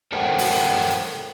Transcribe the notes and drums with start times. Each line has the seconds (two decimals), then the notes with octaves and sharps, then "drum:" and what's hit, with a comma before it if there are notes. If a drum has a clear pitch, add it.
0.12 A4 A#4 C5 C#5 F#5 G5
0.38 drum: open hi-hat
0.90 drum: hi-hat